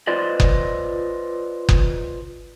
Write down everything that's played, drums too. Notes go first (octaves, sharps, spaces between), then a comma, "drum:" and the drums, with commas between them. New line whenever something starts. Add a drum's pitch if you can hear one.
F4 B4 C5 D5 D#5
drum: kick F#1
drum: kick F#1